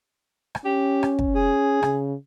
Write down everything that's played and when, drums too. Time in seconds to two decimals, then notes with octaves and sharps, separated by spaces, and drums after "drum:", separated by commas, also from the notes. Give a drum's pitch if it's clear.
0.55 drum: rim click
0.65 C#4 G4
1.03 drum: rim click
1.19 drum: kick
1.35 G#4
1.83 C#3, drum: rim click